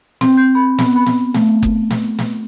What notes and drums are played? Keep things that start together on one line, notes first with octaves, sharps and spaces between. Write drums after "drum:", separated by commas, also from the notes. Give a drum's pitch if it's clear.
C4, drum: snare
G6
B5
B3, drum: snare
B5
drum: snare
A3, drum: snare
drum: kick F#1
drum: snare
drum: snare